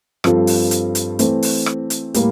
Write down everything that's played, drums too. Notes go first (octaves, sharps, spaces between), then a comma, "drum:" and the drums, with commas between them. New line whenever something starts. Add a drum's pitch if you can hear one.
G2 F3 C4 F4 A4, drum: rim click
drum: open hi-hat
drum: hi-hat
drum: hi-hat
E3 A3 C4, drum: hi-hat
drum: open hi-hat
drum: rim click
drum: hi-hat
A2 G3 A#3, drum: hi-hat